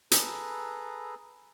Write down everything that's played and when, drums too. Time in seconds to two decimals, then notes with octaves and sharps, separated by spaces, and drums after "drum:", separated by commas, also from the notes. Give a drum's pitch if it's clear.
0.11 G#4 A4 B4 A#5, drum: hi-hat